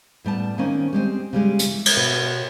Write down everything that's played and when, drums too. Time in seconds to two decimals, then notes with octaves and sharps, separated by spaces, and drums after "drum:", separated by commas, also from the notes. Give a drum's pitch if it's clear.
0.25 A2 G3 B3 A5
0.58 D#3 A#3 C4 C#4
0.93 G3 G#3 C4
1.33 C#3 G3 G#3
1.59 drum: hi-hat
1.69 E3
1.86 drum: cymbal
1.97 B2 F#4 B4